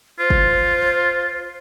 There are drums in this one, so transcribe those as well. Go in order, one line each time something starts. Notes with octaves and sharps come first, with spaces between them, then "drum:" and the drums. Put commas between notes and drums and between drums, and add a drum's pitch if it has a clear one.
F4 C5
drum: kick